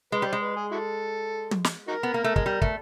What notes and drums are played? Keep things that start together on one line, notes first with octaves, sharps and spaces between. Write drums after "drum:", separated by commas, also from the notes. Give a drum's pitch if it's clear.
G#3 B4
G3 C5
G#3
B4
G#4
E4 F#4 A4
drum: tom
drum: snare
D#4 F#4 A#4
B3
A#3
A3
G#3, drum: kick
G3
A3, drum: kick